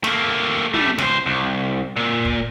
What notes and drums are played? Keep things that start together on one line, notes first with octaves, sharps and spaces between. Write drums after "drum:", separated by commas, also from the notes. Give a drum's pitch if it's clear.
A3 A#3, drum: snare
G3 A3, drum: tom
C#2 C5, drum: snare
C2
A#2
drum: kick